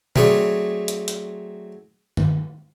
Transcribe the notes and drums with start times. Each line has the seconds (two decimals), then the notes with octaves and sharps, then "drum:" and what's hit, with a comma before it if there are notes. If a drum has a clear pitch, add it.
0.16 F#3 A3 C4 G#4 C#5 D5, drum: tom B2
0.88 drum: hi-hat
1.08 drum: hi-hat
2.17 drum: tom